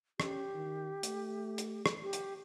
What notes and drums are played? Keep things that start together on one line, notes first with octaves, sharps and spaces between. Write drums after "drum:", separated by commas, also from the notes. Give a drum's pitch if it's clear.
C#4 G4, drum: rim click
D#3
A3, drum: hi-hat
drum: hi-hat
drum: rim click
G4
drum: hi-hat